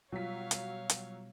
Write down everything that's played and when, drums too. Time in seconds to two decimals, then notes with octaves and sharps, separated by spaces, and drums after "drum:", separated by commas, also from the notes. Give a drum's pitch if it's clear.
0.12 B2 F#3 G3 F4 C#5 F5 B6
0.51 drum: hi-hat
0.90 drum: hi-hat